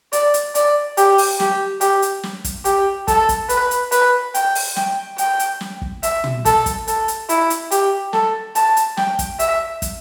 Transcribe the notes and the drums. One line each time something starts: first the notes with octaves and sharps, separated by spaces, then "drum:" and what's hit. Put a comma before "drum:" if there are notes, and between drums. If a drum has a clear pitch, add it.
D5, drum: hi-hat
drum: hi-hat
D5, drum: hi-hat
G4, drum: hi-hat
drum: open hi-hat
G4, drum: snare
G4, drum: hi-hat
drum: hi-hat
drum: snare
drum: kick, hi-hat
G4, drum: hi-hat
A4, drum: kick, hi-hat
drum: kick, hi-hat
B4, drum: hi-hat
drum: hi-hat
B4, drum: hi-hat
G5, drum: hi-hat
drum: open hi-hat
G5, drum: snare
G5, drum: hi-hat
drum: hi-hat
drum: snare
drum: kick
E5, drum: hi-hat
drum: tom
A4, drum: kick, hi-hat
drum: kick, hi-hat
A4, drum: hi-hat
drum: hi-hat
E4, drum: hi-hat
drum: hi-hat
G4, drum: hi-hat
A4, drum: snare
A5, drum: hi-hat
drum: hi-hat
G5, drum: snare
drum: kick, hi-hat
E5, drum: hi-hat
drum: kick, hi-hat